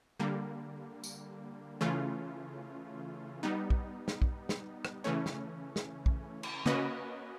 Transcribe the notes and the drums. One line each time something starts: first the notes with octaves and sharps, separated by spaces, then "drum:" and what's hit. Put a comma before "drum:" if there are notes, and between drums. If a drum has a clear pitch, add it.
D3 G3 A#3
drum: tambourine
C#3 E3 A3 C#4 F4
G3 B3 D#4
drum: kick
drum: snare
drum: kick
drum: snare
drum: rim click
C#3 E3 A3 C#4
drum: snare
drum: snare
drum: kick
drum: cymbal
A#3 C#4 F#4 B4 D#5, drum: tom C#3